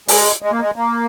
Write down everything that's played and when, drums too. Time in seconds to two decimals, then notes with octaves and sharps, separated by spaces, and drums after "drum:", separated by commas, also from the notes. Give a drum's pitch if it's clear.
0.08 G#3, drum: open hi-hat
0.42 G#3
0.51 A#3
0.60 G#3
0.76 A#3